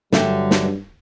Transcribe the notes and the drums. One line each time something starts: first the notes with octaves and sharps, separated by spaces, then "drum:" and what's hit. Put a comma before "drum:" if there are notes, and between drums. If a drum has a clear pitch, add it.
G2 D3 F#3 E5 G5, drum: snare
drum: snare